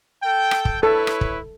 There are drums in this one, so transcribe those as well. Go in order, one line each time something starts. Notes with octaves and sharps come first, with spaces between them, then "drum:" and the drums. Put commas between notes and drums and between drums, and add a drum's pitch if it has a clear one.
A4 G5
drum: rim click
drum: kick
E4 A4 B4 C#5
drum: rim click
drum: kick